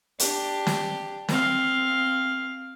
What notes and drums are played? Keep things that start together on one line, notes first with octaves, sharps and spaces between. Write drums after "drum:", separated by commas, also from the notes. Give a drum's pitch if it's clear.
D4 G4, drum: hi-hat
drum: snare
C4 F5, drum: snare